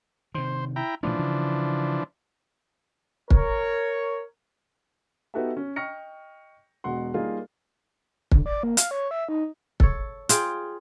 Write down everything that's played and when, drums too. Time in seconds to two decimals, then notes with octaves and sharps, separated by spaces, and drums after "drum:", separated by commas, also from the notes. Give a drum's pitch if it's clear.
0.35 C3 D#3 C5
0.76 E4 G5 A#5
1.03 A#2 E3 F3 A3 C#4 D4
1.19 C#3
3.31 A#4 C#5, drum: kick
5.34 B3 D#4 F#4 G4 A4 E5
5.57 C#4
5.76 D#5 G5 C#6 F6 A#6 C#7
6.84 E1 B2 G#3 F#4 F#5 C6
7.14 G3 A#3 D#4 F4 G#4 A#4
8.32 D3, drum: kick
8.46 D5
8.63 A#3
8.77 F5, drum: hi-hat
8.91 C#5
9.11 E5
9.29 D#4
9.80 A4 C#5, drum: kick
10.29 F4 G#4 G5, drum: hi-hat